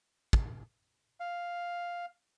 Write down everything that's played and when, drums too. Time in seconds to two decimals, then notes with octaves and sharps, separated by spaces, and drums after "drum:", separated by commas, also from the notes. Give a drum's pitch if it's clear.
0.33 drum: kick
1.20 F5